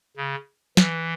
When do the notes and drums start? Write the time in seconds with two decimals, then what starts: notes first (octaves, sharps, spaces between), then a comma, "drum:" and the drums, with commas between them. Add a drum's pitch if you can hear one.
0.17 C#3
0.77 E3, drum: snare